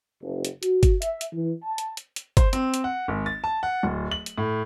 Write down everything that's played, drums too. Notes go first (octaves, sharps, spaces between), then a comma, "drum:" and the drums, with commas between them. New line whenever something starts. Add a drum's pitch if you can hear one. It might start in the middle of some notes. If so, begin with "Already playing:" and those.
F#1
drum: hi-hat
F#4, drum: hi-hat
drum: kick G1, hi-hat
E5, drum: hi-hat
drum: hi-hat
E3
A5
drum: hi-hat
drum: hi-hat
drum: hi-hat
C5, drum: kick G1, hi-hat
C4, drum: hi-hat
drum: hi-hat
F#5
G#1
A6
A5
F#5
D1
F#7
drum: hi-hat
A2